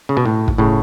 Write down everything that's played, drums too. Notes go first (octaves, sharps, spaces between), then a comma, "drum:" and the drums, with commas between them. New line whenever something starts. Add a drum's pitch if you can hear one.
C#3
B2
A2
drum: kick
A2 C#3